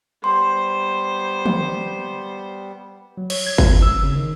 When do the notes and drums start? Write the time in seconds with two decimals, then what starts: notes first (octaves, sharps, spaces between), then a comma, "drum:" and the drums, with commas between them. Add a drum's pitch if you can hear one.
0.24 G3 B3 C5 C6
1.46 drum: tom
3.17 F#3
3.30 C#5, drum: cymbal
3.47 G#6
3.58 F2, drum: kick G1
3.82 E6
4.03 C#3
4.15 D#3